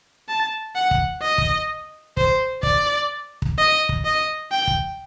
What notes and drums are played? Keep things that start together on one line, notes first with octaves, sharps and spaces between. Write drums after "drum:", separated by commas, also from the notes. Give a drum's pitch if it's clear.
A5
F#5
drum: kick
D#5
drum: kick
C5, drum: kick
D5, drum: kick
drum: kick
D#5
drum: kick
D#5
G5
drum: kick